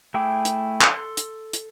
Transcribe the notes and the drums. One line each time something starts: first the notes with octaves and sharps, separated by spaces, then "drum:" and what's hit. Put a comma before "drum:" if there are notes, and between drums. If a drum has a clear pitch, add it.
A3 E4 G#4 G5 D6
drum: hi-hat
A4 C6, drum: clap
drum: hi-hat
drum: hi-hat